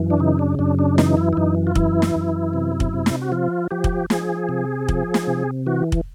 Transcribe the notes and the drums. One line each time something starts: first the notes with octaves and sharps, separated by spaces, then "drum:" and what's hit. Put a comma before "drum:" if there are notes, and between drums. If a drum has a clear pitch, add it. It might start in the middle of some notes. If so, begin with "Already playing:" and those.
Already playing: F#2 E3
D4
C#3 D#4
D4
F#2 D4
D4
E3 D#4, drum: snare
E4
E4
F#2 D#4
F4
E3 E4, drum: kick
drum: snare
F#2
C3
drum: kick
C3
drum: snare
F#4
F3 F4
F3 G4
drum: kick
F3 G#4, drum: snare
C3
F3, drum: kick
drum: snare
C3
E3 F#4
drum: kick